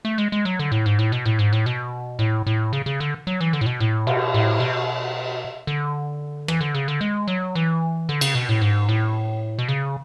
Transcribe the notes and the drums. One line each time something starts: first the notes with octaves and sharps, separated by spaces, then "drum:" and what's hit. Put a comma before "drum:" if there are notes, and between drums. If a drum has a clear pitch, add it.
A3
G#3
G#3
F#3
D3
A2
G#2
A2
B2
A2
G#2
A2
B2
A2
A2
C#3
C#3
D3
F#3
E3
D3
A2
B2
A2
B2, drum: cymbal
A2
B2
D3
E3, drum: rim click
D3
C#3
D3
G#3
F#3
E3
D3
C#3, drum: cymbal
B2
A2
G#2
A2
B2
C#3